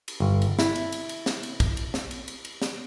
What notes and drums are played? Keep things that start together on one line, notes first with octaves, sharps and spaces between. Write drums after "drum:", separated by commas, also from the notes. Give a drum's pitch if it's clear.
drum: cymbal
G1
drum: cymbal
E4, drum: snare
drum: cymbal
drum: cymbal
drum: cymbal
drum: snare
drum: cymbal
drum: kick, cymbal
drum: cymbal
drum: snare
drum: cymbal
drum: cymbal
drum: cymbal
drum: snare